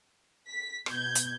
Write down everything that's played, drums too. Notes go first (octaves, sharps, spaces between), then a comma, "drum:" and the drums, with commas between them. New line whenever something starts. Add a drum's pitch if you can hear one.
B6
B2 G6 G#6, drum: rim click
drum: hi-hat